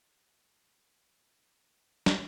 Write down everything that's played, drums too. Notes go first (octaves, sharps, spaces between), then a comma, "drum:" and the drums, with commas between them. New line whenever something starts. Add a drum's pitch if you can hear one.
G2 A#2 G#3 F#4
drum: snare